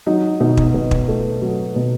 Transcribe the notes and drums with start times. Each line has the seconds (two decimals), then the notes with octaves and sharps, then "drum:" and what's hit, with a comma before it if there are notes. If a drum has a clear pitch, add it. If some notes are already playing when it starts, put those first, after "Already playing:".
0.06 F#3 D#4
0.40 B2 D#4
0.57 drum: kick
0.74 B2
0.91 drum: kick
1.08 A3
1.42 F#3
1.76 B2